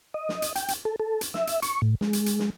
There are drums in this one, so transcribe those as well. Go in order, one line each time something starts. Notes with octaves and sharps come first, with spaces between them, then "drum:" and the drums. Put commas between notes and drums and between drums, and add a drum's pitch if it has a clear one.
D#5
drum: snare
drum: hi-hat
G5, drum: hi-hat
drum: hi-hat
A4
A4
drum: hi-hat
E5, drum: snare
drum: hi-hat
C#6, drum: hi-hat
A2
G#3, drum: snare
drum: hi-hat
drum: hi-hat
drum: snare